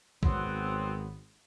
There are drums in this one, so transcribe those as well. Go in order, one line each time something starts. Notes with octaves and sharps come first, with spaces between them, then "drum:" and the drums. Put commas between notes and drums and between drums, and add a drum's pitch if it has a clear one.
G#1 F#3 B3 C4, drum: kick B1